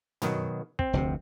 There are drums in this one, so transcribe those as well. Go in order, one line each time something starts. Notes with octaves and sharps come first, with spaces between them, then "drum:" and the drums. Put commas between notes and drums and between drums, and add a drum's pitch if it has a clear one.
B2 D#3 F#3, drum: tom
C4, drum: kick
F1 D2 C3